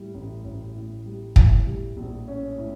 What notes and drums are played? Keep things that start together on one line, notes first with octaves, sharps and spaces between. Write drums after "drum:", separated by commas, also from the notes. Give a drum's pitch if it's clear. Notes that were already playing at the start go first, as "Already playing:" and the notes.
Already playing: A2 G3
A1
A1
A2
G3
A2, drum: kick
G3
A#1
C#4
A2